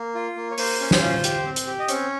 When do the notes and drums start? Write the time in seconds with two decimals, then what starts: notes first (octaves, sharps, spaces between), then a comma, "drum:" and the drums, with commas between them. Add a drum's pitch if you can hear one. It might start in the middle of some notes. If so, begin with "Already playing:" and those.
Already playing: A#3
0.15 F4
0.36 A#3
0.51 C#5
0.58 A#3 C5, drum: open hi-hat
0.80 C#4
0.91 drum: snare
1.02 F4
1.24 G4, drum: hi-hat
1.45 C4
1.56 drum: hi-hat
1.67 G4
1.79 D#5
1.88 C4 C#4 C#5, drum: hi-hat